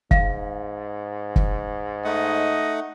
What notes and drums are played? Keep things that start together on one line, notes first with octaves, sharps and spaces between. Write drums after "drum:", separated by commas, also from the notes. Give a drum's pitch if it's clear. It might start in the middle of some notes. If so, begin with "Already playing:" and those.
G#2 F5, drum: kick
drum: kick
A3 D#4 D#5 F#5